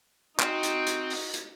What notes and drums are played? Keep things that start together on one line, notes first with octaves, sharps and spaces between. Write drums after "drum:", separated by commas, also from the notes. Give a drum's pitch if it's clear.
C4 D#4 F#4, drum: clap
drum: hi-hat
drum: hi-hat
drum: open hi-hat
drum: hi-hat